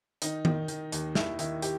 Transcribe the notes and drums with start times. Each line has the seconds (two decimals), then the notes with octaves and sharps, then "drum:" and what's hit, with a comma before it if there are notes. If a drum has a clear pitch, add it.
0.22 D#3 D#4, drum: hi-hat
0.45 D#3, drum: tom D#3
0.68 D#3, drum: hi-hat
0.92 D#2, drum: hi-hat
1.15 D#2 E4, drum: snare
1.39 D#3 E4, drum: hi-hat
1.62 G4, drum: hi-hat